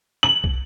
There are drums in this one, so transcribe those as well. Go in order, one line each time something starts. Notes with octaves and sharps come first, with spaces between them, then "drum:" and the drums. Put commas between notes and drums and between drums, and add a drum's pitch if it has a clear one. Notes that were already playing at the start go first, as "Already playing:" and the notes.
F#7
drum: kick